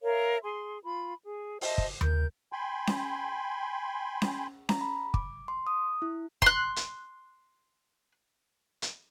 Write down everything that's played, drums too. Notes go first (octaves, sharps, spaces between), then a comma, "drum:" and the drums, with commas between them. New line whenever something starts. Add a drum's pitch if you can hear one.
A#4 C#5 E5 F5
G#4 C6
F4 B5
G#4
C5 D#5 E5 A5, drum: open hi-hat
drum: kick
A#4 G6, drum: tom D#2
G5 G#5 B5 C6
drum: snare C#4
drum: snare C#4
A#5, drum: snare C#4
B5
D6, drum: kick
C6
D#6
E4
C6 F#6, drum: kick
drum: hi-hat
drum: hi-hat